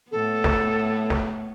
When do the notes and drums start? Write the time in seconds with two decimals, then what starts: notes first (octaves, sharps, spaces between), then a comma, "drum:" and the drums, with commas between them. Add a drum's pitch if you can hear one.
0.11 A2 B3 A4
0.44 drum: snare
1.10 drum: snare